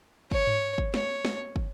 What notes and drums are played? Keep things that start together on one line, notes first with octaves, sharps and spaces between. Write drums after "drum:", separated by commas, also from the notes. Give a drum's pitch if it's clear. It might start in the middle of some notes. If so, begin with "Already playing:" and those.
C#5, drum: kick
drum: tom G#2
drum: kick
C#5, drum: snare
drum: snare
drum: kick